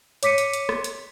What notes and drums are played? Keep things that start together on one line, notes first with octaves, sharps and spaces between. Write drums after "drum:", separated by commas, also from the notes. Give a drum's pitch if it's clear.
C#5 D6 B6 C#7 D#7, drum: hi-hat
drum: hi-hat
drum: hi-hat
drum: rim click
drum: hi-hat